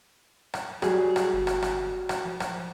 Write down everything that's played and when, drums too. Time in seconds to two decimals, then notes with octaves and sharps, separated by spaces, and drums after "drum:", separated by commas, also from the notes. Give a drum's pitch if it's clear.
0.54 drum: rim click
0.82 F#3 G3 G#4, drum: rim click
1.16 drum: rim click
1.33 G1
1.47 drum: rim click
1.62 drum: rim click
2.09 drum: rim click
2.25 F3
2.40 drum: rim click